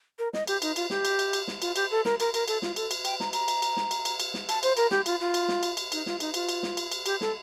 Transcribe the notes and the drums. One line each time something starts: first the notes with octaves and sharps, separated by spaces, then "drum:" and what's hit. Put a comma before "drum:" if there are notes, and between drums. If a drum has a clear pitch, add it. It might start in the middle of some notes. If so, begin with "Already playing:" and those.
A#4
D#5, drum: snare
G4, drum: cymbal
D#4, drum: cymbal
F4, drum: cymbal
G4, drum: snare
drum: cymbal
drum: cymbal
drum: cymbal
drum: snare
F4, drum: cymbal
G4, drum: cymbal
A4
A#4, drum: snare
A#4, drum: cymbal
A#4, drum: cymbal
A4, drum: cymbal
F4, drum: snare
A4, drum: cymbal
drum: cymbal
G5, drum: cymbal
A#5, drum: snare
A#5, drum: cymbal
drum: cymbal
drum: cymbal
drum: snare
drum: cymbal
drum: cymbal
drum: cymbal
drum: snare
A5, drum: cymbal
C5, drum: cymbal
A#4, drum: cymbal
G4, drum: snare
F4, drum: cymbal
F4
drum: cymbal
drum: snare
drum: cymbal
drum: cymbal
D#4, drum: cymbal
F4, drum: snare
D#4, drum: cymbal
F4, drum: cymbal
drum: cymbal
drum: snare
drum: cymbal
drum: cymbal
G4, drum: cymbal
A4, drum: snare